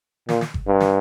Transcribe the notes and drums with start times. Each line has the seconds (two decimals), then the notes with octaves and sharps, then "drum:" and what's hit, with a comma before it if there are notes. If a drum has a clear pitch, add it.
0.29 A#2, drum: snare
0.41 drum: snare
0.54 drum: kick G1
0.68 G2
0.80 drum: snare